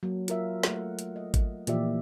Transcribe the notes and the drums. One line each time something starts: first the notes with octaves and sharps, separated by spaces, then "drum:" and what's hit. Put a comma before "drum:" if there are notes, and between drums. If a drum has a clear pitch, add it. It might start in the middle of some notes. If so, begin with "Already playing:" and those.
F#3 A#3
F4 A#4 E5, drum: hi-hat
A3 F#5, drum: snare
drum: hi-hat
D#5
drum: kick G#1, hi-hat
A#2 E3 F3 G4 D5 E5, drum: hi-hat